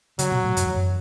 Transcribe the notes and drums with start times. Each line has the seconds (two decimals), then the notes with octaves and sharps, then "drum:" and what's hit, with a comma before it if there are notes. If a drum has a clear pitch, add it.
0.19 C#3 F#3, drum: hi-hat
0.32 B2
0.44 A2
0.57 F#2, drum: hi-hat
0.66 E2
0.75 F#2